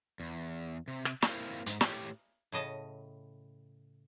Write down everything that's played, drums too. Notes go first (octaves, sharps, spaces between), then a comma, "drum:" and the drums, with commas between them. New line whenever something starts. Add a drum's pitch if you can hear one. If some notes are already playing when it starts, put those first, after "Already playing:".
E2
C3
drum: rim click
A#3 C4 E4 G4 B4 F5, drum: snare
G#2, drum: hi-hat
A2 G4 C#5 G5, drum: snare
A2 C#3 D#5 A5